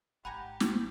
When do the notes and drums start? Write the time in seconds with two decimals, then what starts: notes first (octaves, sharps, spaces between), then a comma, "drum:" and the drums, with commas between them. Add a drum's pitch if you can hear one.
0.25 G#1 G4 F#5 G#5 A#5 B5
0.60 drum: snare